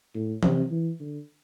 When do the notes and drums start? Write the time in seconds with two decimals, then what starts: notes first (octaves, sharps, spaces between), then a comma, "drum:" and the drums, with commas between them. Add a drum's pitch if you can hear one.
0.14 A2
0.43 C3, drum: tom E3
0.71 E3
1.00 D3